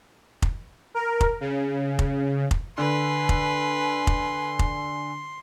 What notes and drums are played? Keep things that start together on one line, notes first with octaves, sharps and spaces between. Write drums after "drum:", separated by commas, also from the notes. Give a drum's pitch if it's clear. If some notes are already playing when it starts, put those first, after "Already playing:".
drum: kick
A#4
drum: kick
C#3
drum: kick
drum: kick
D3 B4 G#5 C6
drum: kick
drum: kick
drum: kick